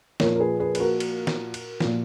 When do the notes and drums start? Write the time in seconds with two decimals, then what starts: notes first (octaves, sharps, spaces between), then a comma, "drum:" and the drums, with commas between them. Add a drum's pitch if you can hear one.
0.20 A#2 F3 A#4 C#5, drum: snare
0.35 A#4
0.40 G#4 B4
0.60 G#4 B4
0.75 B4, drum: cymbal
0.80 F#4 A#4
1.00 drum: cymbal
1.27 drum: snare
1.54 drum: cymbal
1.80 A#2 F3, drum: snare